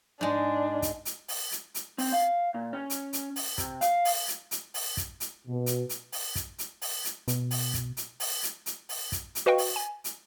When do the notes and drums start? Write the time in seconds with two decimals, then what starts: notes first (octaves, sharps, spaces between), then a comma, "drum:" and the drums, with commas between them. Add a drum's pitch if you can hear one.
0.21 G#2 G#3 D4
0.82 drum: kick, hi-hat
1.05 drum: hi-hat
1.28 drum: open hi-hat
1.51 drum: hi-hat
1.75 drum: hi-hat
1.98 C4, drum: open hi-hat
2.12 F5
2.54 A#2
2.73 C#4
2.90 drum: hi-hat
3.13 drum: hi-hat
3.36 drum: open hi-hat
3.58 C3, drum: kick, hi-hat
3.81 F5, drum: hi-hat
4.05 drum: open hi-hat
4.28 drum: hi-hat
4.51 drum: hi-hat
4.74 drum: open hi-hat
4.97 drum: kick, hi-hat
5.20 drum: hi-hat
5.47 B2
5.66 drum: hi-hat
5.89 drum: hi-hat
6.12 drum: open hi-hat
6.35 drum: kick, hi-hat
6.59 drum: hi-hat
6.82 drum: open hi-hat
7.05 drum: hi-hat
7.28 B2, drum: hi-hat
7.51 drum: open hi-hat
7.74 drum: kick, hi-hat
7.97 drum: hi-hat
8.20 drum: open hi-hat
8.43 drum: hi-hat
8.66 drum: hi-hat
8.89 drum: open hi-hat
9.12 drum: kick, hi-hat
9.35 drum: hi-hat
9.46 F#4 B4 D#5 F5 G5 C#6
9.58 drum: open hi-hat
9.76 G#5
10.04 drum: hi-hat